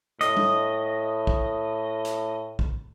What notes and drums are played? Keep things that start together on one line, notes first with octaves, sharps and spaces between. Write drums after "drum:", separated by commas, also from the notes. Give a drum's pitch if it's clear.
A2 D#5, drum: hi-hat
drum: tom G3
drum: kick
drum: hi-hat
drum: kick